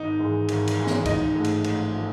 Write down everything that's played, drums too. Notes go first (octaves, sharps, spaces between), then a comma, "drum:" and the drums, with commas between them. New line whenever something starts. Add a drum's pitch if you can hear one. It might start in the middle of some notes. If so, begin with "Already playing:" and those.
Already playing: G#1 D#4 D#5
G#2 E3 G#3
G#1, drum: cymbal
drum: cymbal
G#2 E3 G#3
drum: snare
A1 D#4 D#5, drum: kick, cymbal
G#2 F3 A3
drum: cymbal
A1, drum: cymbal
F3 A3